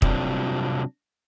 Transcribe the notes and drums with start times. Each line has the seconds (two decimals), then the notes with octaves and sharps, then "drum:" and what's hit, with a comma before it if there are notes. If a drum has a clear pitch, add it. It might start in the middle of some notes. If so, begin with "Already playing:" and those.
0.02 C3 F#3 G3 C4 D4 F4, drum: kick